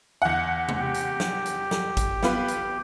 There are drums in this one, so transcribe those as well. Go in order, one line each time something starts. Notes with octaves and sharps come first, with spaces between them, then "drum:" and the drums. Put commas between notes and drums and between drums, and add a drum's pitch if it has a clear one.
E2 F#5
drum: tom C3
G4
drum: hi-hat
drum: snare
drum: hi-hat
drum: snare
drum: kick G#1, hi-hat
B3 F4 B4, drum: snare
drum: hi-hat